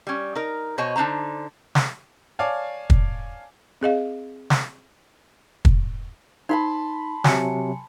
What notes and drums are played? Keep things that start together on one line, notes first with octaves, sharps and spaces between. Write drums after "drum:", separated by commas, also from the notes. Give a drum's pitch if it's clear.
G3 C#4
D#4 A#4
B2 C5 C#5 D#5 G#5
D3 D4 D#4 C5 A#5
drum: snare
C#5 D5 F5 G#5 A5 D6
drum: kick
C4 G#4 D#5 F5
drum: snare
drum: kick
D#4 A5 B5 C6
C3 F#3 G#5 C#7, drum: snare